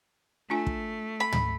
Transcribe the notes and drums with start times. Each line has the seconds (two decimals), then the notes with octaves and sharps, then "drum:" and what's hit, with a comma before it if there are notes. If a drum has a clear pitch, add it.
0.50 A3 D4 F4 G#5
0.67 drum: kick
1.20 B5
1.32 drum: tom